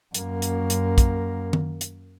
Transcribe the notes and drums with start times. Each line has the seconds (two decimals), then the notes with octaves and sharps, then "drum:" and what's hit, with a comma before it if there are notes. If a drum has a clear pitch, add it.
0.14 F#2 A#3, drum: hi-hat
0.42 drum: hi-hat
0.70 drum: hi-hat
0.98 drum: kick, hi-hat
1.53 drum: tom D#3
1.81 drum: hi-hat